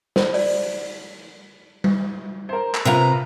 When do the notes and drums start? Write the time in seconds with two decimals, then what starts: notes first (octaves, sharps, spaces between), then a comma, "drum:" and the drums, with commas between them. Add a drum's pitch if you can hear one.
0.16 C5, drum: snare
0.34 D5, drum: open hi-hat
1.84 drum: tom G3
2.49 A#4 C5
2.75 drum: clap
2.85 C3 F4 A#4 B4 A#5